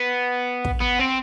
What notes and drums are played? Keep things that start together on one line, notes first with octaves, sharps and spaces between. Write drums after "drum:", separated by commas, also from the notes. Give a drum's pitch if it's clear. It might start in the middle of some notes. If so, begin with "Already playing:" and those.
Already playing: B3
drum: kick
B3
C4